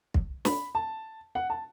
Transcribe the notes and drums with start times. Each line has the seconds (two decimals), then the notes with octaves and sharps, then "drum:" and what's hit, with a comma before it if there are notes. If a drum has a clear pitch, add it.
0.14 drum: kick
0.45 B5, drum: snare
0.75 A5
1.35 F#5
1.50 A5